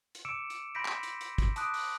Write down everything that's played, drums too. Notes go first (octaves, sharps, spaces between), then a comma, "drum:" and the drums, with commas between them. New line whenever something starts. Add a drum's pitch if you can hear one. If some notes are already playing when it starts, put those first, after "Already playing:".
drum: hi-hat
D6 E6 C#7 D7 E7
drum: hi-hat
B5 C6 G6 A#6 B6 D7
drum: clap
drum: hi-hat
drum: hi-hat
drum: kick, hi-hat
A5 D6 D#6 F#6 D7, drum: hi-hat
drum: open hi-hat